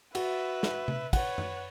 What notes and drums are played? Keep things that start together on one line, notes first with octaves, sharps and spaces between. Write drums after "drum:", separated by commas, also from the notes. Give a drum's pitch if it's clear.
F#4 B4 E5, drum: cymbal
drum: snare
drum: tom C3
B4 C#5 F#5, drum: kick, cymbal
drum: tom F#2